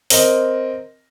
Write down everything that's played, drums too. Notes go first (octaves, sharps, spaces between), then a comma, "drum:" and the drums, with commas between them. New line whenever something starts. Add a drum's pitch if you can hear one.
C4 A#4 D#5, drum: open hi-hat